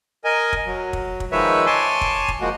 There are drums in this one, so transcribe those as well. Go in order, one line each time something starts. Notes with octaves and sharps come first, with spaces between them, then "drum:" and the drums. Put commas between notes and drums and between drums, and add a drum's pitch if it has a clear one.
A#4 D#5 G#5
drum: kick
F#3
drum: kick
drum: kick
D#3 F3 G#3 B4 C#5 E5
C#5 G#5 A5 C6 D6
drum: kick
drum: kick
F3 G#3 A#3 F#4